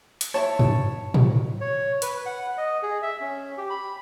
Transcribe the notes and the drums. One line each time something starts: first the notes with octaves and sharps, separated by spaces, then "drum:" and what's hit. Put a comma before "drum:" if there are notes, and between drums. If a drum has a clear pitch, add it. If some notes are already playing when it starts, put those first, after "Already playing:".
drum: hi-hat
E4 F#4 C#5 A5
drum: tom
drum: tom
C#5
B4, drum: hi-hat
F#5
D#5
G#4
E5
C#4
G4
B5